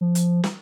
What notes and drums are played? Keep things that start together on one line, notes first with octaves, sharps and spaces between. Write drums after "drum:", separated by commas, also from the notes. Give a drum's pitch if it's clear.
F3
drum: hi-hat
drum: snare